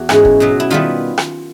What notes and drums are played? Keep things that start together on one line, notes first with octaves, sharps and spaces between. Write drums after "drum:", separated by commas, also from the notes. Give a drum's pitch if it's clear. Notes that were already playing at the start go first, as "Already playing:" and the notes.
Already playing: E2 F#4
G#2 E3 G#3 C#4 E4, drum: rim click
drum: kick
B2 F#3 B3
E4
D#3 G3 B3 E4 F4
drum: rim click